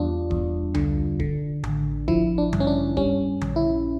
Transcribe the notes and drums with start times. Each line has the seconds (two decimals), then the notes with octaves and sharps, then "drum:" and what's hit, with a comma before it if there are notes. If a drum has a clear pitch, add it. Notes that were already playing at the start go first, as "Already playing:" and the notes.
Already playing: E2 G3 D4 F4
0.31 E2, drum: kick D#1
0.74 D3, drum: tom C2
1.20 D3, drum: kick D#1
1.64 A1, drum: tom D3
2.08 F3 E4, drum: kick D#1
2.38 D4
2.53 G2, drum: tom D3
2.60 C#4
2.67 D4
2.97 G3 C#4, drum: kick D#1
3.41 A#1, drum: tom D3
3.56 E4